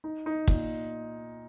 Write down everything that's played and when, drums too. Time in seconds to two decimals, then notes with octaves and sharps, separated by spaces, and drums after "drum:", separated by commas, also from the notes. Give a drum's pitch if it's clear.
0.04 D#4
0.26 D#4
0.48 A#2, drum: kick